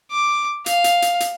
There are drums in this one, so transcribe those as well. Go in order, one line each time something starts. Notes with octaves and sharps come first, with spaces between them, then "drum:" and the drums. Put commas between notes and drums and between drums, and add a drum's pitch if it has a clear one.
D6
F5, drum: hi-hat
drum: hi-hat
drum: hi-hat
drum: hi-hat